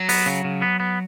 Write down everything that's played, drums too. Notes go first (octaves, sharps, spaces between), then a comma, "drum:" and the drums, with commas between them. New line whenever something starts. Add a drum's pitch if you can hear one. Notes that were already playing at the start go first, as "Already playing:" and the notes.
Already playing: F#3
B3, drum: open hi-hat
C#3
C#3
B3
B3